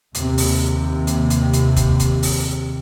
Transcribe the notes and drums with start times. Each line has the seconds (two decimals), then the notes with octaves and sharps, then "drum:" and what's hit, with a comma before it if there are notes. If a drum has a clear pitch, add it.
0.15 D#2 C3, drum: hi-hat
0.38 drum: open hi-hat
1.07 drum: hi-hat
1.30 drum: hi-hat
1.53 drum: hi-hat
1.76 drum: kick, hi-hat
2.00 drum: hi-hat
2.23 drum: open hi-hat